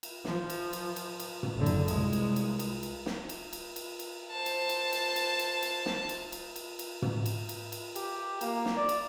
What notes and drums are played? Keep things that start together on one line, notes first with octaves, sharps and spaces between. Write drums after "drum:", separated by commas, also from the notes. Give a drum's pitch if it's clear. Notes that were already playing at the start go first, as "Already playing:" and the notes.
drum: cymbal
F3, drum: snare
drum: cymbal
drum: cymbal
drum: cymbal
drum: cymbal
drum: tom
F#1 D3
drum: cymbal
C2 G#3, drum: cymbal
drum: cymbal
drum: cymbal
drum: cymbal
drum: cymbal
drum: snare
drum: cymbal
drum: cymbal
drum: cymbal
drum: cymbal
C5 A5
drum: cymbal
drum: cymbal
drum: cymbal
drum: cymbal
drum: cymbal
drum: cymbal
drum: snare
drum: cymbal
drum: cymbal
drum: cymbal
drum: cymbal
drum: tom
drum: cymbal
drum: cymbal
drum: cymbal
G4, drum: cymbal
A#3, drum: cymbal
drum: snare
D5
drum: cymbal